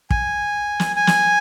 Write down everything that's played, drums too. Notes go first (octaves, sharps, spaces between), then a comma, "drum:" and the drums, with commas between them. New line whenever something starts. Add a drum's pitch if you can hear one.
G#5, drum: kick
drum: snare
G#5
drum: snare